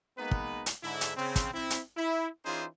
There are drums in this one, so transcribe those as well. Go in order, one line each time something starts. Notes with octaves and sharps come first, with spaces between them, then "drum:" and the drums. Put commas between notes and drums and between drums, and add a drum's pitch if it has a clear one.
G#3 A#3 B3 D#4 B4
drum: kick
drum: hi-hat
G#2 D3 E4
drum: hi-hat
C#3 C4
drum: kick, hi-hat
C4 E4
drum: hi-hat
E4
E3 C#4 D#4 F4 G#4 C5